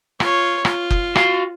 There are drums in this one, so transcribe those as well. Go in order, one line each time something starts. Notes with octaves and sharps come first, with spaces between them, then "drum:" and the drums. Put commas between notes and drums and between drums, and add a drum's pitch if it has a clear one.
F4 C#5, drum: rim click
F4, drum: rim click
drum: kick F#1
F#4 F5, drum: rim click